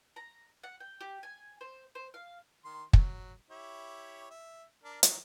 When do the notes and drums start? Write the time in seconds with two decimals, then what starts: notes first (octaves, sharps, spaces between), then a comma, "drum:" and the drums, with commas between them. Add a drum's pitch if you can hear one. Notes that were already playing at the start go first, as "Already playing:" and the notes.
0.16 A#5
0.63 F#5
0.80 G5
1.01 G4
1.23 G#5
1.61 C5
1.95 C5
2.14 F5
2.64 D#3 C6
2.93 F#3, drum: kick
3.50 E4 G4 C#5
4.30 E5
4.83 D4 A#4
5.03 D#3 E3 F#3, drum: hi-hat